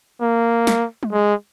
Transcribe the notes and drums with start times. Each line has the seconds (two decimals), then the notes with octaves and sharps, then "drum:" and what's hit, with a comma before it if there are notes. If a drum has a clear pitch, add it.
0.21 A#3
0.67 drum: snare
1.03 drum: tom
1.12 G#3